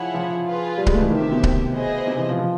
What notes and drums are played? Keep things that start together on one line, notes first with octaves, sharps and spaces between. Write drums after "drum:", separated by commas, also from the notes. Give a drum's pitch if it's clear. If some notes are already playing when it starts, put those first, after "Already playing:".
Already playing: F3 E4 G#4 C#5 F#5
F3
F4 G#4 B4
G3
G#3, drum: kick C#1
A3
E3
D#3 G4 C5 E5
C3
B2
drum: kick C#1
B3 E4 G#4 C5 D#5
C3
E3
F3
F3